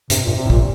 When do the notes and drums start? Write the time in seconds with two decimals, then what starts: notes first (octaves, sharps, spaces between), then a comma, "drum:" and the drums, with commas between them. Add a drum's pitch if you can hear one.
0.10 G2 C3, drum: hi-hat
0.24 G2 A#2
0.36 C3
0.46 A2
0.50 A#2, drum: kick A1